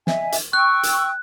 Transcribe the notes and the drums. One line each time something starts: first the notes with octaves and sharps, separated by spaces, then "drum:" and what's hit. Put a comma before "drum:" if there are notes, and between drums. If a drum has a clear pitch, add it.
D#5 E5 G#5, drum: snare
drum: hi-hat
G5 C#6 E6 F#6
drum: hi-hat